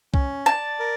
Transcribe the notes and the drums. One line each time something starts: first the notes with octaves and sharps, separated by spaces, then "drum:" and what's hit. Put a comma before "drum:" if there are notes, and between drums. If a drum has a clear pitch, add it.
C#4, drum: kick C2
D5 A5
A#4